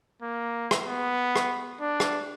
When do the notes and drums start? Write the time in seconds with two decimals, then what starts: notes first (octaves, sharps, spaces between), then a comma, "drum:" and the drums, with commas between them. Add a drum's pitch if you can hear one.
0.23 A#3
0.71 drum: rim click
0.87 B3
1.36 drum: rim click
1.81 D4
2.00 drum: rim click